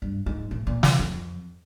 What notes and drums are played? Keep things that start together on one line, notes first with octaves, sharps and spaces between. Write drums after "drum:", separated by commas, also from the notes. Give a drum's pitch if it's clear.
G2
G#2
A2
A#2
E2, drum: snare
F2